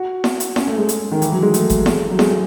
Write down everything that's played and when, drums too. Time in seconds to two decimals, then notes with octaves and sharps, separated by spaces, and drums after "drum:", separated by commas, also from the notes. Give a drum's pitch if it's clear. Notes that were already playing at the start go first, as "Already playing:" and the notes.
Already playing: F#4
0.24 drum: snare E4
0.40 drum: hi-hat
0.56 C#4, drum: snare E4
0.67 A3
0.78 G#3
0.89 drum: hi-hat
1.12 D#3
1.22 E3, drum: hi-hat
1.32 F#3
1.43 G#3
1.54 A3, drum: hi-hat
1.70 drum: kick G1, hi-hat
1.86 drum: snare E4
2.11 F#3
2.19 G#3, drum: snare E4
2.29 G#3